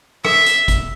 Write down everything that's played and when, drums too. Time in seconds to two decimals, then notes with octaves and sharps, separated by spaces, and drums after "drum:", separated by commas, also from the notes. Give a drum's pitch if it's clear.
0.25 E5, drum: rim click
0.46 drum: hi-hat
0.68 drum: kick G#1, hi-hat